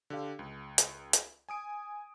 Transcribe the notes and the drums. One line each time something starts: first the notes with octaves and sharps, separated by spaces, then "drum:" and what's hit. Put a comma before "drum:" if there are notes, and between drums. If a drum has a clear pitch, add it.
D3 G4 F5
C#2
drum: hi-hat
drum: hi-hat
G#5 D#6 D7